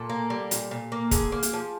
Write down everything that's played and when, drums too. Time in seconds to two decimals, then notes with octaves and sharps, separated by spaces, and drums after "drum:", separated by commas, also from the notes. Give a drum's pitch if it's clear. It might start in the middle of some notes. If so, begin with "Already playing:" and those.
Already playing: A#2 A4
0.10 A#3
0.30 G3
0.51 A#2, drum: hi-hat
0.71 A#2
0.92 A#3
1.11 D3 G#4, drum: kick, hi-hat
1.32 A#3
1.43 drum: hi-hat
1.53 F3